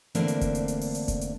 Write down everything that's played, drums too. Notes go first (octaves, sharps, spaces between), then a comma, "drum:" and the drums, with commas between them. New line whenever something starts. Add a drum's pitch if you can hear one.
E2 D3 A3 A#3 C4 D4, drum: hi-hat
drum: hi-hat
drum: kick F1, hi-hat
drum: hi-hat
drum: hi-hat
drum: open hi-hat
drum: hi-hat
drum: kick F1, hi-hat
drum: hi-hat